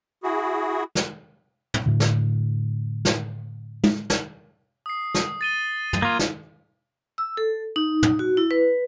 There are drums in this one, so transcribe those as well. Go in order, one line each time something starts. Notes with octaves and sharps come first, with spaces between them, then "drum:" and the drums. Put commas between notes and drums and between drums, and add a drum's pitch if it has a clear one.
E4 F#4 G#4
drum: snare
drum: tom
A2 D3
drum: snare
drum: snare
drum: tom
drum: snare
D#6 C7
drum: snare
A6 D#7 G7
drum: tom
A#3 F4 G#6
drum: snare
E6
A4
D#4
drum: tom
F#4
E4
B4